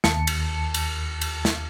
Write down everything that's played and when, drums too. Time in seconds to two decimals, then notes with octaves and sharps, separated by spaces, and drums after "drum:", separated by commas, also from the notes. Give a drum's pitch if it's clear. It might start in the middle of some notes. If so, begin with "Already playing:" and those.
0.04 D#2 A5 C#7, drum: snare
0.27 drum: cymbal
0.74 drum: cymbal
1.21 drum: cymbal
1.45 drum: snare